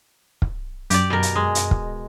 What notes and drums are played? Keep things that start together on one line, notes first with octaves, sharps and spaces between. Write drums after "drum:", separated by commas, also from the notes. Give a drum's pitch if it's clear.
drum: kick
F#2 G4 D5, drum: hi-hat
B2 A#4
drum: hi-hat
G#3
drum: hi-hat
drum: kick